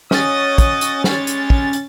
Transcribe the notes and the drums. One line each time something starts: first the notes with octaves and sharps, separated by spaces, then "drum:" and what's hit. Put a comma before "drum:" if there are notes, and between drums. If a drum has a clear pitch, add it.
C#4 F#4 D#5 D#6 A6, drum: snare
drum: kick, hi-hat
drum: hi-hat
G3 G#3 C#5, drum: snare
drum: hi-hat
drum: kick
drum: hi-hat